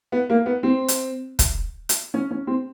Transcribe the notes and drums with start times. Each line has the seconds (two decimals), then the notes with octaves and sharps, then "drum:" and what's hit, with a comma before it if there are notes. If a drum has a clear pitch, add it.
0.12 B3
0.30 A#3
0.46 B3
0.63 C4
0.88 drum: hi-hat
1.39 drum: kick, hi-hat
1.89 drum: hi-hat
2.14 C#4
2.31 C#4
2.47 C4